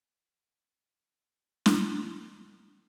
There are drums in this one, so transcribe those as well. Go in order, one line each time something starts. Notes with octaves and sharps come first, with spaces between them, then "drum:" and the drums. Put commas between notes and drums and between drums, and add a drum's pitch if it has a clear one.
drum: snare
A#4
B3 G4